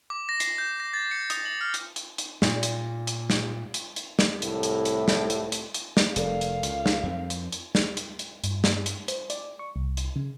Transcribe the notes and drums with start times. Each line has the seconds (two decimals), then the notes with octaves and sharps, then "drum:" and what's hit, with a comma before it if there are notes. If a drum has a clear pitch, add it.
0.10 D6
0.29 A#6
0.40 C7, drum: hi-hat
0.58 G6
0.80 A#6
0.93 A6
1.11 C#7
1.30 D#6, drum: hi-hat
1.45 F#7
1.61 F6
1.74 drum: hi-hat
1.96 drum: hi-hat
2.18 drum: hi-hat
2.42 A#2, drum: snare
2.63 drum: hi-hat
3.07 drum: hi-hat
3.30 drum: snare
3.74 drum: hi-hat
3.96 drum: hi-hat
4.19 drum: snare
4.42 C2 A2, drum: hi-hat
4.63 drum: hi-hat
4.85 drum: hi-hat
5.08 drum: snare
5.30 drum: hi-hat
5.52 drum: hi-hat
5.74 drum: hi-hat
5.97 drum: snare
6.16 F1 A4 A#4 D5 F5, drum: hi-hat
6.41 drum: hi-hat
6.63 C#2, drum: hi-hat
6.86 drum: snare
7.03 F2 A#3 C4
7.30 drum: hi-hat
7.52 drum: hi-hat
7.75 drum: snare
7.97 drum: hi-hat
8.19 drum: hi-hat
8.44 G2, drum: hi-hat
8.64 drum: snare
8.86 drum: hi-hat
9.08 C5, drum: hi-hat
9.30 D5, drum: hi-hat
9.59 C#6
9.76 C2
9.97 drum: hi-hat
10.16 C#3